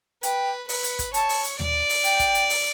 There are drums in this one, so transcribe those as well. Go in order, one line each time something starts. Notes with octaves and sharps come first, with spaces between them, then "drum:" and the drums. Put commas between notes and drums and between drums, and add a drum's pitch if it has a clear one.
B4 G5, drum: hi-hat
B4, drum: open hi-hat
drum: hi-hat
drum: kick, hi-hat
C#5 A5, drum: hi-hat
drum: open hi-hat
drum: hi-hat
D5, drum: tom D#2
drum: open hi-hat
G5, drum: hi-hat
drum: kick, hi-hat
drum: hi-hat
drum: open hi-hat